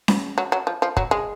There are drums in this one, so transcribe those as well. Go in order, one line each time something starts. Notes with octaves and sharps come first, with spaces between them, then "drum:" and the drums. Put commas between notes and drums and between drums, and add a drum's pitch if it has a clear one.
drum: snare C#4
F#3
F#3
F3
F3
F#3, drum: kick
G#3